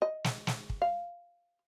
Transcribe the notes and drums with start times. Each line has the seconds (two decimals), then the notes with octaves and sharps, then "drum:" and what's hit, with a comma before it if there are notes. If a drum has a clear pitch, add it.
0.02 D#5
0.24 drum: snare
0.47 drum: snare
0.70 drum: kick
0.82 F5